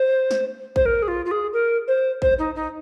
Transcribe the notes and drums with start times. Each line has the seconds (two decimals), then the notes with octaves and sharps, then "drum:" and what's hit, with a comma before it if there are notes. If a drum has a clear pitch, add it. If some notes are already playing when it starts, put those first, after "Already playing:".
Already playing: C5
0.31 drum: snare
0.76 C5, drum: kick A#1
0.86 A#4
1.02 G#4
1.08 F4
1.26 F4
1.31 G#4
1.53 A#4
1.88 C5
2.22 C5, drum: kick A#1
2.39 D#4
2.56 D#4